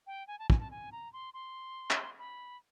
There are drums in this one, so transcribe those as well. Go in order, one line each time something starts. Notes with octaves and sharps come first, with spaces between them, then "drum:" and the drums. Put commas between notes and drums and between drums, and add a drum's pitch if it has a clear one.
G5
G#5
A5
G#5, drum: kick
A5
G#5
A#5
C6
C6
drum: clap
B5